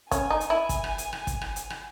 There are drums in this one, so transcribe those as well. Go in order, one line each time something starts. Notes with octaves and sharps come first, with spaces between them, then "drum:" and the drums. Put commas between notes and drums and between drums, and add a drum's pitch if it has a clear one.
C#4 G#5, drum: kick, hi-hat
D#4
drum: hi-hat
E4
drum: kick, hi-hat
drum: rim click
drum: hi-hat
drum: rim click
drum: kick, hi-hat
drum: rim click
drum: hi-hat
drum: rim click